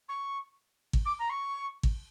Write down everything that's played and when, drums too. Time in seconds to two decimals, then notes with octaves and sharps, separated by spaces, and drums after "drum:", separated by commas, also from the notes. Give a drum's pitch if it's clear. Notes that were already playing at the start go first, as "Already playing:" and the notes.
0.08 C#6
0.93 drum: kick G#1
1.05 D6
1.19 A#5
1.29 C#6
1.83 drum: kick G#1